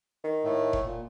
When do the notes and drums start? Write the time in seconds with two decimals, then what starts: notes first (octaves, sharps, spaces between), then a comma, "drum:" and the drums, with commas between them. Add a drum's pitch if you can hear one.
0.24 D#3
0.44 A2 A3
0.73 drum: kick F1
0.85 A#2